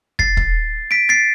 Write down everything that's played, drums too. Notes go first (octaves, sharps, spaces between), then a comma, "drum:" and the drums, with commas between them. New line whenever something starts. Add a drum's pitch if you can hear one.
A6 C7, drum: kick
drum: kick
B6 D7
A6 C7